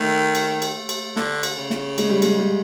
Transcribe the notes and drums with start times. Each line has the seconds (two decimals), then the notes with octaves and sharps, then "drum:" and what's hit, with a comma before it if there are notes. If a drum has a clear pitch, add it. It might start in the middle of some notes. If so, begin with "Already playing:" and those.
Already playing: D#3 A3
0.35 drum: cymbal
0.62 drum: cymbal
0.89 drum: cymbal
1.16 D3, drum: snare
1.43 drum: cymbal
1.57 C#3
1.70 drum: snare
1.98 G#3, drum: cymbal
2.09 G3
2.22 G#3, drum: cymbal
2.38 G3